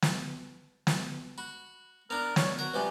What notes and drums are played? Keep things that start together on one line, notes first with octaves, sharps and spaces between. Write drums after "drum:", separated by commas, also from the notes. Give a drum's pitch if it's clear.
drum: snare
drum: snare
F#4 B5
B3 D4 A#4 F7
C#5, drum: snare
F#4 A#4
C3 F3 G3 B4 G#5 F#6